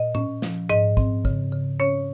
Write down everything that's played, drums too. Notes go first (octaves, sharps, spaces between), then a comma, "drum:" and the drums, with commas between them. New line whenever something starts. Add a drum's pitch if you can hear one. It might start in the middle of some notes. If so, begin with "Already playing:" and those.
Already playing: A#2 D#5
C#4, drum: tom A2
F3, drum: snare
G#2 D#5
C4, drum: kick
C#3, drum: kick
C#3
C#4 C#5